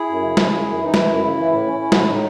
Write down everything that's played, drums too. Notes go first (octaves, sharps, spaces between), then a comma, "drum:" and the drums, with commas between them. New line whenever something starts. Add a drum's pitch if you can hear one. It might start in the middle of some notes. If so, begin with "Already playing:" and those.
Already playing: E4 G#4
F#2
C#3
C#3, drum: snare
F#2
F#2
E3 D#4
E3 E4, drum: snare
F#2
C#3 E4
E3
A2 E4
C#4
C#4
A2 F#4, drum: snare
E4
A2 D#4